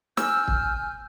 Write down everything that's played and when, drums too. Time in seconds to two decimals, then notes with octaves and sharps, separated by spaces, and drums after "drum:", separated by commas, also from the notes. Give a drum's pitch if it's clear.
0.17 G#5 E6 F6 G6, drum: snare
0.48 drum: kick